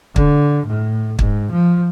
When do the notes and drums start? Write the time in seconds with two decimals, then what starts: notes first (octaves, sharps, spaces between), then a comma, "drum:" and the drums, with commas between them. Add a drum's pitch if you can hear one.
0.16 D3, drum: kick
0.67 A2
1.19 G#2, drum: kick
1.51 F3